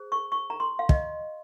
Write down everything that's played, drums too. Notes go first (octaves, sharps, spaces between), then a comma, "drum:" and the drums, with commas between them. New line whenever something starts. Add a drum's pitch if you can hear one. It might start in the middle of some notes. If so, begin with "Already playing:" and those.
Already playing: G#4 C5
C#6
C#6
A#5
C6
F5
D#5, drum: kick